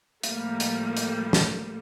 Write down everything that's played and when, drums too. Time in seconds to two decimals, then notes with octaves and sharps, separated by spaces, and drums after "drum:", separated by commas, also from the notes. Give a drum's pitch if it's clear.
0.23 A2 F3 G3 A3 A#3, drum: hi-hat
0.60 drum: hi-hat
0.97 drum: hi-hat
1.33 drum: snare